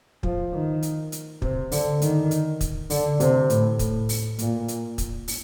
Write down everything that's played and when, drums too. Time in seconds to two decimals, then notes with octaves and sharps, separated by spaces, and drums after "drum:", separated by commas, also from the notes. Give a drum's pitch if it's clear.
0.23 F3, drum: kick
0.53 D#3
0.82 drum: hi-hat
1.12 drum: hi-hat
1.42 C3, drum: kick
1.72 D3, drum: open hi-hat
2.02 D#3, drum: hi-hat
2.31 drum: hi-hat
2.61 drum: kick, hi-hat
2.90 D3, drum: open hi-hat
3.20 C3, drum: hi-hat
3.50 A2, drum: hi-hat
3.79 A2, drum: kick, hi-hat
4.09 drum: open hi-hat
4.39 A#2, drum: hi-hat
4.68 drum: hi-hat
4.98 drum: kick, hi-hat
5.28 drum: open hi-hat